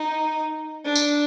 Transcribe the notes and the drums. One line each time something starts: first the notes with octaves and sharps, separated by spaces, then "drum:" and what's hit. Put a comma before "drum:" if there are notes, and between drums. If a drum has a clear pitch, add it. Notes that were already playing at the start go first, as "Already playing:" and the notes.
Already playing: D#4
D4
drum: tambourine